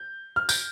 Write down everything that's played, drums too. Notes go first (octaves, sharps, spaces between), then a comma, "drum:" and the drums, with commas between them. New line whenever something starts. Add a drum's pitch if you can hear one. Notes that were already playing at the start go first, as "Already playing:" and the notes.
Already playing: G6
F6
G6, drum: tambourine